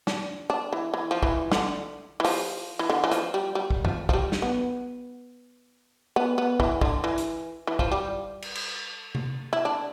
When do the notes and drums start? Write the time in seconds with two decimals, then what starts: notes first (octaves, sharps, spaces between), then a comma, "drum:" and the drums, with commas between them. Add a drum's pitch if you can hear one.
0.07 D4, drum: snare
0.50 D4
0.73 E3
0.94 E3
1.11 F3
1.23 E3, drum: kick
1.51 D3, drum: snare
2.20 E3
2.25 F3, drum: open hi-hat
2.79 E3
2.90 D3
3.04 E3
3.11 F3, drum: hi-hat
3.34 G3
3.55 G3
3.71 drum: kick
3.85 F3, drum: tom F2
4.09 F3, drum: kick
4.13 G3
4.32 drum: snare
4.42 B3
6.16 B3
6.38 B3
6.60 E3, drum: kick
6.81 D3, drum: kick
7.04 E3
7.18 drum: hi-hat
7.67 E3
7.79 F3, drum: kick
7.92 G3
8.42 drum: cymbal
8.55 drum: cymbal
9.15 drum: tom C3
9.53 E4
9.65 D4